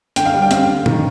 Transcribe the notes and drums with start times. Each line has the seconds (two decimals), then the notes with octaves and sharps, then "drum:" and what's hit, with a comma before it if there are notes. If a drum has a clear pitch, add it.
0.16 D3 G5, drum: hi-hat
0.26 F5
0.34 G3
0.42 G5
0.51 C4 F5, drum: hi-hat
0.69 D3
0.86 D#3, drum: tom A#2